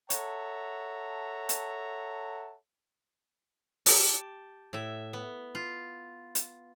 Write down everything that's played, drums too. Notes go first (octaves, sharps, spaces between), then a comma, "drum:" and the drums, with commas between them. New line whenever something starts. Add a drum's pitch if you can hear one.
A4 C#5 E5 F#5 A5 A#5, drum: hi-hat
drum: hi-hat
G4 A5, drum: open hi-hat
A2 E5
B3
F4
drum: hi-hat